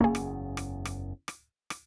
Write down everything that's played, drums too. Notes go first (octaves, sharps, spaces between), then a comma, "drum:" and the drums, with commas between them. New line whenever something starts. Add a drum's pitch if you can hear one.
F#1 E2 A#3 C#4 G#4
drum: rim click
drum: rim click
drum: rim click
drum: rim click
drum: rim click